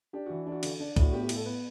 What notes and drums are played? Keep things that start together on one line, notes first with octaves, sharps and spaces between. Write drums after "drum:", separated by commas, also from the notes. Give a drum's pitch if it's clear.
D4 G4
E3 F#4
D4
F#4
D3, drum: cymbal
D4
A2, drum: kick, cymbal
F#4
B3 G4
G4
A2, drum: cymbal
A4
B3 B4